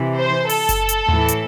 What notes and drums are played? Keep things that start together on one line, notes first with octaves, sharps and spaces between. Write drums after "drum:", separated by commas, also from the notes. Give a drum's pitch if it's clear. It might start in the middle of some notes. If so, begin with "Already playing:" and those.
Already playing: C3 E3
C5
A4, drum: open hi-hat
drum: kick F#1, hi-hat
drum: hi-hat
A2 E3, drum: tom D#2
drum: hi-hat